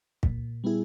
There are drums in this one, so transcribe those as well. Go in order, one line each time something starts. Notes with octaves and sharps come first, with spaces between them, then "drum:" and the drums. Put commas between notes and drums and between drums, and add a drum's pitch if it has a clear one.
A#2, drum: kick
G3 B3 E4 G#4